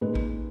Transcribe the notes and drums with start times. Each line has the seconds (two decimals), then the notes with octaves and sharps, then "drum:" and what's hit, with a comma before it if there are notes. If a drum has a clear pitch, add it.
0.01 A#2 G#3 D#4 B4
0.15 drum: kick A1